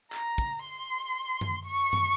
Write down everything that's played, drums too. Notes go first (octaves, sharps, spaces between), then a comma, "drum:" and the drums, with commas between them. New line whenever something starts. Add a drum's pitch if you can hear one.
A#5, drum: clap
drum: kick
C6
drum: tom F#2
C#6
drum: tom F#2